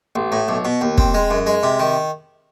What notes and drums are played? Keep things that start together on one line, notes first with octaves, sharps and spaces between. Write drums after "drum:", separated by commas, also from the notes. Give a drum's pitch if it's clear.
A1
A2
B1
B2
D#2
C4, drum: kick
G#3
F#2
G#3
C3
D#3